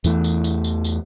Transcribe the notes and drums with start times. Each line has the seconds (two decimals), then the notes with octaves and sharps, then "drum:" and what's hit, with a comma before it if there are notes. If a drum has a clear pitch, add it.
0.04 E2 E3 A3, drum: tambourine
0.24 drum: tambourine
0.44 drum: tambourine
0.64 drum: tambourine
0.84 drum: tambourine